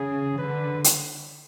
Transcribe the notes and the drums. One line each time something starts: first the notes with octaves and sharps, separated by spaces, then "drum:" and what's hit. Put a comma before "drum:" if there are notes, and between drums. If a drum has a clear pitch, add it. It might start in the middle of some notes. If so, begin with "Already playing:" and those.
Already playing: C#3 G#4
D3 B4
drum: hi-hat